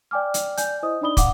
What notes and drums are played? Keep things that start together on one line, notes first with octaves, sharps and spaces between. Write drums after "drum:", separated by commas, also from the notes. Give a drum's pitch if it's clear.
D5 G5 G#5 D6 F6
drum: hi-hat
D5 G#5 G6, drum: hi-hat
E4 C5 D#5 D#6
D4 D#4 D5 B5 D#6 G7
F5 F#5 D6, drum: kick, hi-hat